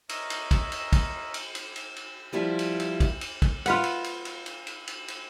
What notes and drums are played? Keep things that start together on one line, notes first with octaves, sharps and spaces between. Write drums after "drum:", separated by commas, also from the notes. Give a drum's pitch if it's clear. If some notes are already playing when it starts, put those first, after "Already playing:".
A#4 C#5 D#5 E5, drum: cymbal
drum: cymbal
drum: kick, cymbal
drum: cymbal
drum: kick, cymbal
drum: cymbal
drum: cymbal
drum: cymbal
drum: cymbal
F3 G3 E4 F4
drum: cymbal
drum: cymbal
drum: kick, cymbal
drum: cymbal
drum: kick, cymbal
F4 B4 F#5, drum: cymbal
drum: cymbal
drum: cymbal
drum: cymbal
drum: cymbal
drum: cymbal
drum: cymbal
drum: cymbal